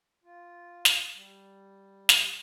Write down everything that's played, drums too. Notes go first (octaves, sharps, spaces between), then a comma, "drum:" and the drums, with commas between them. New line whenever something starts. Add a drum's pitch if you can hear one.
F4
drum: snare
G3
drum: snare